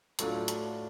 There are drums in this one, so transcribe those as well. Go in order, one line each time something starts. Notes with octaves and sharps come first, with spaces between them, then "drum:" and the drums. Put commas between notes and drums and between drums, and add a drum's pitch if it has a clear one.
A2 F#3 A3 D4 F4, drum: hi-hat
drum: hi-hat